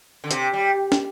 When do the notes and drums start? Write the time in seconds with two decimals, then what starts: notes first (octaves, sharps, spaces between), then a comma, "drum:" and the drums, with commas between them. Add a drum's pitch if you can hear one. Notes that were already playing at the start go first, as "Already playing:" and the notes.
0.24 D3
0.31 C3, drum: hi-hat
0.54 G3
0.92 drum: snare